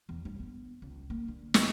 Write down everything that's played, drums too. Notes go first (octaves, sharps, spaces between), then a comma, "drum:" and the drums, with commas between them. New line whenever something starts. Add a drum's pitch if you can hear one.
E2
G2
B3
C#2
A#3
D3
F#2, drum: snare